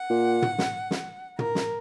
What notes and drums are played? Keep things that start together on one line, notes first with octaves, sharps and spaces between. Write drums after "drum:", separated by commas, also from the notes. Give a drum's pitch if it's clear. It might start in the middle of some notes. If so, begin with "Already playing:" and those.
Already playing: F#5
A#2
drum: tom
drum: snare
drum: snare
A#4, drum: tom
drum: snare